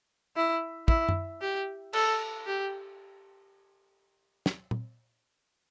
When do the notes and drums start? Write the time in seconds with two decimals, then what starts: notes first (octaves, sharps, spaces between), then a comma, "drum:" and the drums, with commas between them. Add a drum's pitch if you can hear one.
0.36 E4
0.88 E4, drum: kick
1.09 drum: tom F#2
1.41 G4
1.93 A4, drum: cymbal
2.46 G4
4.46 drum: snare
4.71 drum: tom A#2